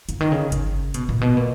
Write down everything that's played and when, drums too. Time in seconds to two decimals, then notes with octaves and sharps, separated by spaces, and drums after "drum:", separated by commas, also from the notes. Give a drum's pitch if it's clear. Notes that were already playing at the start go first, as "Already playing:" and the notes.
0.09 C#3, drum: hi-hat
0.20 D#3
0.32 C#3
0.52 C#3, drum: kick G1, hi-hat
0.94 B2, drum: hi-hat
1.09 A#2
1.21 B2
1.37 A#2